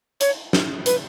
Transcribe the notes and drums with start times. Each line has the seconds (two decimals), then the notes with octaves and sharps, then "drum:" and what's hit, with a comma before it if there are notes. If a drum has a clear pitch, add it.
0.21 C#5, drum: hi-hat
0.53 drum: snare
0.86 B4, drum: hi-hat